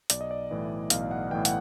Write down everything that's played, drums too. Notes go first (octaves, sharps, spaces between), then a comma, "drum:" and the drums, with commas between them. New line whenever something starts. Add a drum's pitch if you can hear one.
B1 D5, drum: hi-hat
D#5
D5
A2 E3
B1 F5, drum: hi-hat
F#5
A2 E3 G5
F#5, drum: hi-hat